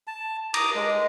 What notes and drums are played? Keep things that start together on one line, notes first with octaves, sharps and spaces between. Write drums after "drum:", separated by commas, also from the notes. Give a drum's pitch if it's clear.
A5
A#5 D6 D#6, drum: cymbal
G#3